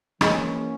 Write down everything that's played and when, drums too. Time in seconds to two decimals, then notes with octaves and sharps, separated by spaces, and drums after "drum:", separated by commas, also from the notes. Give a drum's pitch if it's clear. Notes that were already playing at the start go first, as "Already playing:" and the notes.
0.21 E3 G#3 A#3 C#4, drum: rim click